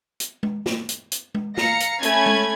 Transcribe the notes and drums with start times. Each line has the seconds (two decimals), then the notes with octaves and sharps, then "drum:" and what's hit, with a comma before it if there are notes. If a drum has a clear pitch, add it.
0.20 drum: hi-hat
0.43 drum: tom G#3
0.66 drum: snare
0.89 drum: hi-hat
1.12 drum: hi-hat
1.35 drum: tom G#3
1.57 F5 A#5 A#6 C#7, drum: snare
1.80 drum: hi-hat
2.03 A3 C#4 G#5 B5 G#6, drum: hi-hat
2.26 drum: tom G#3